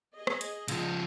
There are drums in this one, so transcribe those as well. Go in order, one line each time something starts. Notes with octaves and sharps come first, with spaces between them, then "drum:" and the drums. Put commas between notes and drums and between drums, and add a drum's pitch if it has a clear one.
G#4 D#5
drum: rim click
drum: hi-hat
C#2 F3, drum: hi-hat